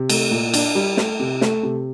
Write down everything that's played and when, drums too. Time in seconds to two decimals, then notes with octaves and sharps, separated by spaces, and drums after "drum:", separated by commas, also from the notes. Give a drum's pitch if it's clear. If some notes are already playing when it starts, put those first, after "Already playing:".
Already playing: C3
0.09 A3, drum: cymbal
0.31 A#2
0.54 D4, drum: cymbal
0.75 G3
0.97 A3, drum: snare
1.20 C3
1.41 A3, drum: snare
1.63 C3